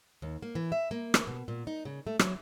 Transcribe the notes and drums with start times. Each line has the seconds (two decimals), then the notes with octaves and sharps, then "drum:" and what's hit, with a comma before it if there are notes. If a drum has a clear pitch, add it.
0.22 D#2
0.42 A#3
0.55 E3
0.72 E5
0.91 A#3
1.14 drum: rim click
1.27 B2
1.48 A#2
1.67 D#4
1.85 C#3
2.07 A3
2.19 F#3, drum: rim click